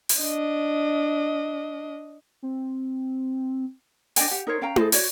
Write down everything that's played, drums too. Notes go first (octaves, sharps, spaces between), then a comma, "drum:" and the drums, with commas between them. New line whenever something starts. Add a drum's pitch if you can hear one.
drum: open hi-hat
D4 D#5
C4
D4 D#5 G5 G#5, drum: open hi-hat
G4 F#5
D#4 A#4 C5 C#5
C#4 F5 G5 A#5
G#4 A4 C5 D#5, drum: tom E4
F#4 C#5 D5, drum: open hi-hat